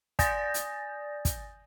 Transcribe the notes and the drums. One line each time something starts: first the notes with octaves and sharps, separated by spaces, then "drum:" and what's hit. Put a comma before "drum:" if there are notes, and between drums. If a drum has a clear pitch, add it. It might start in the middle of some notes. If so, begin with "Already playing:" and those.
D5 G#5 D#6 G6 A6 A#6, drum: kick, hi-hat
drum: hi-hat
drum: kick, hi-hat